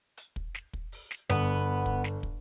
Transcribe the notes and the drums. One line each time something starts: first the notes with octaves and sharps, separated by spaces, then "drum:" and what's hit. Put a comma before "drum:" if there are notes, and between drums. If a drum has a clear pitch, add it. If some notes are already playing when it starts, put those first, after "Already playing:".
drum: hi-hat
drum: kick
drum: snare
drum: kick
drum: open hi-hat
drum: snare
G1 B3, drum: hi-hat
drum: kick
drum: snare
drum: kick